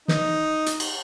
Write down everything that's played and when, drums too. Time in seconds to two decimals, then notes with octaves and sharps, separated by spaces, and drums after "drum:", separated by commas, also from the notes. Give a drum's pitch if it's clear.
0.08 D#4, drum: snare
0.66 drum: hi-hat
0.80 drum: cymbal